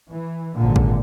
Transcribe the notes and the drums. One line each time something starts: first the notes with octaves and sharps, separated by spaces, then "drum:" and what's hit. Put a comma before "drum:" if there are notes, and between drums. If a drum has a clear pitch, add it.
E3
G#1 A#2 D3
drum: kick